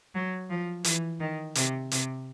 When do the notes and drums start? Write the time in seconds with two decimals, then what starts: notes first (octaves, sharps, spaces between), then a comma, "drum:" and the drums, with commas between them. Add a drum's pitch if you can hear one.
0.14 F#3
0.50 F3
0.84 E3, drum: hi-hat
1.20 D#3
1.55 C3, drum: hi-hat
1.91 C3, drum: hi-hat